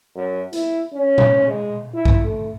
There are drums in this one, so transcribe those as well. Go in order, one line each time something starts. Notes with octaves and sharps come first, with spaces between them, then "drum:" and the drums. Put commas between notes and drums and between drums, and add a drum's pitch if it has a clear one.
F#2
E4, drum: hi-hat
C#4
drum: tom A#2
G#3
E4
drum: kick A#1
A3